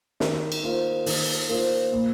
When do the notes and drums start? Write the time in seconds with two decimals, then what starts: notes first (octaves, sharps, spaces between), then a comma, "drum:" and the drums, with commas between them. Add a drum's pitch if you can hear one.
0.20 D#3, drum: snare
0.52 drum: cymbal
0.63 A#3 F4 C5
1.06 D#3, drum: open hi-hat
1.49 A#3 F4 C5
1.92 A#2